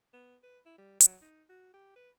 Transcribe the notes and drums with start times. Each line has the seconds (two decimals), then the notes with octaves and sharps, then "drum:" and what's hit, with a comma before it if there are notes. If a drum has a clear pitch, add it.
0.13 B3
0.43 B4
0.66 E4
0.78 G3
1.01 F#3, drum: hi-hat
1.22 D#4
1.49 F#4
1.74 G4
1.96 B4